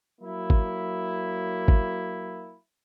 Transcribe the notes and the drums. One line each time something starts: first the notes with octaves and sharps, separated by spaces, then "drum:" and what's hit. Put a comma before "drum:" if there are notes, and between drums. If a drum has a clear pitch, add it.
F#3 A#3 E4
drum: kick
drum: kick